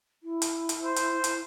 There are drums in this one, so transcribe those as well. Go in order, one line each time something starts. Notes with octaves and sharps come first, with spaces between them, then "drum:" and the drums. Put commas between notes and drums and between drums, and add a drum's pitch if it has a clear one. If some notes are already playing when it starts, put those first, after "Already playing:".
E4
drum: hi-hat
drum: hi-hat
C5
drum: hi-hat
drum: hi-hat